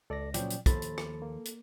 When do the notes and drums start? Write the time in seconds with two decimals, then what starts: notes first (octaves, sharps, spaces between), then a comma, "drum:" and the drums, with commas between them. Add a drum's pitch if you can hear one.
0.10 C#2 A4 D5 A#6
0.34 A#2 C#3 F3 F#3 D5 G5, drum: hi-hat
0.50 drum: hi-hat
0.66 D#2 F3 A4 B5 A6, drum: kick, hi-hat
0.82 drum: hi-hat
0.98 drum: rim click
1.22 A#3
1.45 drum: hi-hat